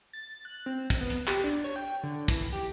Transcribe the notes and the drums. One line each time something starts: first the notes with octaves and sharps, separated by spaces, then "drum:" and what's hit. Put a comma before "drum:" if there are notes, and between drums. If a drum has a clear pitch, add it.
A6
F#6
C4
drum: kick, hi-hat
B3
drum: hi-hat
G4, drum: clap
D4
C#5
G5
D3
E3, drum: kick, hi-hat
G4